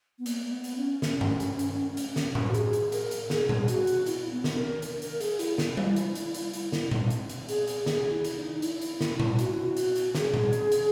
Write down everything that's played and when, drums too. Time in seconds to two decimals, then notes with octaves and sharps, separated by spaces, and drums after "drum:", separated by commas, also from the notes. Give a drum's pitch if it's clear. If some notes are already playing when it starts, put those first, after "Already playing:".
0.19 B3
0.26 A#3, drum: hi-hat
0.46 A#3
0.51 B3
0.64 drum: hi-hat
0.77 C#4
1.02 C#4, drum: snare
1.21 drum: tom G2
1.40 drum: hi-hat
1.59 drum: hi-hat
1.97 drum: hi-hat
2.16 drum: snare
2.35 drum: tom A2
2.49 F#4
2.54 G#4, drum: hi-hat
2.73 drum: hi-hat
2.92 A#4, drum: hi-hat
3.11 drum: hi-hat
3.30 G#4, drum: snare
3.49 drum: tom A#2
3.68 F#4, drum: hi-hat
3.87 drum: hi-hat
4.06 E4, drum: hi-hat
4.32 B3
4.44 drum: snare
4.57 A#4
4.82 drum: hi-hat
5.02 A#4, drum: hi-hat
5.20 G#4, drum: hi-hat
5.39 E4, drum: hi-hat
5.58 drum: snare
5.77 drum: tom G3
5.96 drum: hi-hat
6.15 drum: hi-hat
6.34 drum: hi-hat
6.53 drum: hi-hat
6.72 drum: snare
6.91 drum: tom A#2
7.10 drum: hi-hat
7.29 drum: hi-hat
7.49 G#4, drum: hi-hat
7.67 drum: hi-hat
7.86 G#4, drum: snare
8.12 E4
8.25 drum: hi-hat
8.38 D#4
8.62 E4, drum: hi-hat
8.82 drum: hi-hat
9.01 drum: snare
9.20 drum: tom A#2
9.39 F#4, drum: hi-hat
9.52 E4
9.65 F#4
9.77 drum: hi-hat
9.96 drum: hi-hat
10.15 G#4, drum: snare
10.34 drum: tom A#2
10.53 drum: hi-hat
10.72 drum: hi-hat